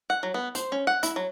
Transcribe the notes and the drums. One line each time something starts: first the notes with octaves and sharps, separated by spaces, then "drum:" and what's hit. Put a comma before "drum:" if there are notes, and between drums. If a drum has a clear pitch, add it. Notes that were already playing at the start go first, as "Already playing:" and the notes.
F#5
F#3
B3
C5, drum: hi-hat
C#4
F#5
E4, drum: hi-hat
F#3